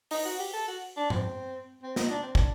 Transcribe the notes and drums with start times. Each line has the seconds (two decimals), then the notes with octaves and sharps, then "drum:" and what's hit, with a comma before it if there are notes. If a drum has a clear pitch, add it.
0.11 D#4, drum: open hi-hat
0.25 F#4
0.39 G4
0.53 A4
0.68 F#4
0.97 D4
1.10 C4, drum: tom G#2
1.83 C4
1.96 D#4, drum: snare
2.10 D4
2.23 C4
2.35 D4, drum: kick